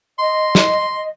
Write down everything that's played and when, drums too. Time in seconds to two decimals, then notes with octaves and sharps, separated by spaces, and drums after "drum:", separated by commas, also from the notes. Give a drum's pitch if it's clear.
0.19 D#5 C6
0.55 drum: snare